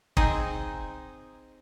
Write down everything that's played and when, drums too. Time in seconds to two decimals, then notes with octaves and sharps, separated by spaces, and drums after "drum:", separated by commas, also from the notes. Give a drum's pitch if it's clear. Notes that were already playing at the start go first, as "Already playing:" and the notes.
0.17 C4 D#4 G#4, drum: kick